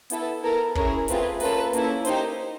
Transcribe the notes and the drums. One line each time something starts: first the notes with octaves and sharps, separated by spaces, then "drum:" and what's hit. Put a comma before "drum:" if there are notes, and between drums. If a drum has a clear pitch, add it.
B3 E4 A4, drum: hi-hat
B3 E4 A4 A#4
C#4 E4 G#4 A#4, drum: kick
A3 C4 F4 G#4 B4, drum: hi-hat
A#3 C#4 F4 A4 B4, drum: open hi-hat
A#3 C#4 E4 A4, drum: hi-hat
A#3 D#4 G4 C5, drum: hi-hat